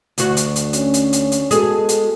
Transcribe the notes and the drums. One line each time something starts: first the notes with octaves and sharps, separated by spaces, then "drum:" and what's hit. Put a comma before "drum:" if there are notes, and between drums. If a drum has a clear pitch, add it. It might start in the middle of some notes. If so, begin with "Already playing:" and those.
D2 F#4, drum: hi-hat
drum: hi-hat
drum: hi-hat
C#4, drum: hi-hat
drum: hi-hat
drum: hi-hat
drum: hi-hat
G#3 B3 F#4 G#4 A4, drum: hi-hat
drum: hi-hat